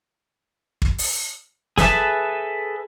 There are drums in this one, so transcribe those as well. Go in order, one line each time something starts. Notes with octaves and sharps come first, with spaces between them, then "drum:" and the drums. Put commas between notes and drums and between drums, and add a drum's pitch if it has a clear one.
drum: kick
drum: open hi-hat
G#4 A4 B4 E5 A5, drum: snare